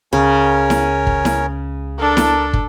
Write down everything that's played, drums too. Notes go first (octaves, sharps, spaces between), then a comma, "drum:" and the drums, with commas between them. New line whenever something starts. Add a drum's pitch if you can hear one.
C#2 C#3 C#4 A#4 C#5
drum: snare E4
drum: kick
drum: snare E4
D4 A4 A#4
drum: snare E4
drum: kick